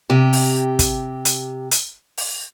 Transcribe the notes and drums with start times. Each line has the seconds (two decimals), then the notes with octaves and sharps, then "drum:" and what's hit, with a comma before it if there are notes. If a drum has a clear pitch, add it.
0.10 C3 G4
0.33 drum: open hi-hat
0.79 drum: kick, hi-hat
1.25 drum: hi-hat
1.71 drum: hi-hat
2.17 drum: open hi-hat